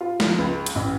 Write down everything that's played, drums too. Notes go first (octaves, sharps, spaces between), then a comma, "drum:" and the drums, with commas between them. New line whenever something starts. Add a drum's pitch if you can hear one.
F4
F3, drum: snare
C#2
drum: hi-hat
A1